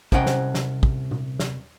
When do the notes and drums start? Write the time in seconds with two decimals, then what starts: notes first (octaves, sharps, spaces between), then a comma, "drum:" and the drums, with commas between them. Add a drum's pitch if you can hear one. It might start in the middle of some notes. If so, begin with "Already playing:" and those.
0.12 C2 C3 C#4 D#5 F#5 G5, drum: kick
0.26 drum: snare
0.55 drum: snare
0.83 drum: kick
1.11 drum: tom A#2
1.40 drum: snare